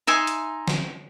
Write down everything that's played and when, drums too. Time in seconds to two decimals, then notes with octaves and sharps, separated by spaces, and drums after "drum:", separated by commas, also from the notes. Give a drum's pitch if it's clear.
0.07 D#4 E5 G#5 C6
0.27 drum: hi-hat
0.68 drum: snare